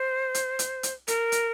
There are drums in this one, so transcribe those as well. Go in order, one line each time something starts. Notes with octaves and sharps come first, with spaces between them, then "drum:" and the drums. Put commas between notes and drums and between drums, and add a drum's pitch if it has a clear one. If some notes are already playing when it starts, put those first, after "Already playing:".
Already playing: C5
drum: hi-hat
drum: hi-hat
drum: hi-hat
A#4, drum: hi-hat
drum: hi-hat